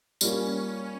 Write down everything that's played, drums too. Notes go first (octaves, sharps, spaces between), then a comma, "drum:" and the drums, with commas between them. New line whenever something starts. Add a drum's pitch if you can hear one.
G3 A#3 C#4 F4, drum: tambourine